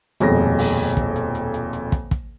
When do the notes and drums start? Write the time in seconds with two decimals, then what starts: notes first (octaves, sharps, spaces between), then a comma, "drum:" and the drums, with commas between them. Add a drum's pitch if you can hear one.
0.20 D#1 F2 B2 G#3 A#6, drum: hi-hat
0.59 drum: open hi-hat
0.97 drum: kick, hi-hat
1.16 drum: hi-hat
1.35 drum: hi-hat
1.54 drum: hi-hat
1.73 drum: hi-hat
1.92 drum: kick, hi-hat
2.11 drum: kick, hi-hat